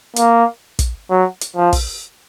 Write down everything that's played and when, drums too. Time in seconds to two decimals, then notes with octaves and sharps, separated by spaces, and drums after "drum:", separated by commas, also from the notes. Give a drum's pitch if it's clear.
0.16 A#3, drum: hi-hat
0.79 drum: kick, hi-hat
1.10 F#3
1.41 drum: hi-hat
1.56 F3
1.73 drum: kick, open hi-hat